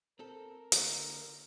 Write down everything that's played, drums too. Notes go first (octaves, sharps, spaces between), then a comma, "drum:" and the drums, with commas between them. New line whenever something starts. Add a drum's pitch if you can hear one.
C4 A4 A#4
D3 A#3, drum: hi-hat